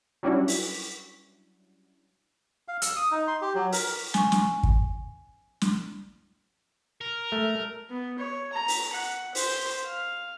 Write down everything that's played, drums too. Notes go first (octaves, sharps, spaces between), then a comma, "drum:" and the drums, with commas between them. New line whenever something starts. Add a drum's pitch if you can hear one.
F#3 G3 C#4 D4 E4 F#4
drum: open hi-hat
F5
E6, drum: hi-hat
D#6
D#4
C6
G4
F#3
A#4, drum: open hi-hat
G#5 C#6, drum: snare
drum: snare
drum: kick
drum: snare
A#4
A3
B3
C#5
A#5
drum: open hi-hat
F#5
C5, drum: open hi-hat
F5